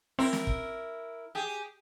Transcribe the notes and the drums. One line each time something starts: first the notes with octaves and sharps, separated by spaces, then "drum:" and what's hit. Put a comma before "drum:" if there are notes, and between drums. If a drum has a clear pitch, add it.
C4 E4 A#4
drum: snare
drum: kick
G4 G#4